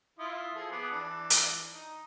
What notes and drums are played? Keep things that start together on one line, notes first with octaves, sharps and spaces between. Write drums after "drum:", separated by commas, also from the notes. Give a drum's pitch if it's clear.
E4 F4 D#6
F3 G#4 A4
B3 G#4 D6
E3 D4
drum: hi-hat
D#4